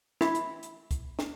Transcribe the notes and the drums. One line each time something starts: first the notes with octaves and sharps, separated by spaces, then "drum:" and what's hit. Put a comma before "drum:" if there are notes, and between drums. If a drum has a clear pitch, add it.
E4, drum: snare
drum: hi-hat
drum: hi-hat
drum: kick C2, hi-hat
drum: snare